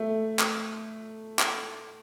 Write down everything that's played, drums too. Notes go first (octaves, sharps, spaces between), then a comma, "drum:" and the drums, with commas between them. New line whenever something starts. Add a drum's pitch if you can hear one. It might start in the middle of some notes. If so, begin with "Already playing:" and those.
Already playing: A3
drum: clap
drum: clap